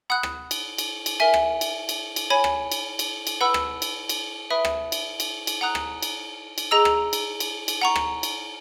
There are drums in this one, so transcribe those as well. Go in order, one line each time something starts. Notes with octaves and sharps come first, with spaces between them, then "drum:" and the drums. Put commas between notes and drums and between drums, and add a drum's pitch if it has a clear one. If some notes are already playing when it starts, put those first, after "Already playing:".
F#5 B5 D#6 F#6
drum: rim click
drum: cymbal
drum: cymbal
drum: cymbal
A#4 E5 G#5
drum: rim click
drum: cymbal
drum: cymbal
drum: cymbal
C#5 G#5 B5
drum: rim click
drum: cymbal
drum: cymbal
drum: cymbal
B4 F#5 B5 E6
drum: rim click
drum: cymbal
drum: cymbal
B4 E5 B5 D#6
drum: rim click
drum: cymbal
drum: cymbal
drum: cymbal
F#5 A#5 D#6 F#6
drum: rim click
drum: cymbal
drum: cymbal
G#4 D#5 A#5 E6
drum: rim click
drum: cymbal
drum: cymbal
drum: cymbal
F#5 A#5 C#6
drum: rim click
drum: cymbal